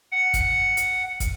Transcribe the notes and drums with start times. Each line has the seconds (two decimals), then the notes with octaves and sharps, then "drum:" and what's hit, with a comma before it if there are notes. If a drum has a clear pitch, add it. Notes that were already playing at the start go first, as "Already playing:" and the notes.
0.12 F#5
0.34 drum: kick, hi-hat
0.77 drum: hi-hat
1.20 drum: kick, hi-hat